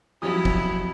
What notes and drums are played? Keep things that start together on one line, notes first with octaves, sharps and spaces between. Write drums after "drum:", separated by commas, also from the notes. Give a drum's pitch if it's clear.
F2 F#3 G3 C#4 E4 D#6
drum: kick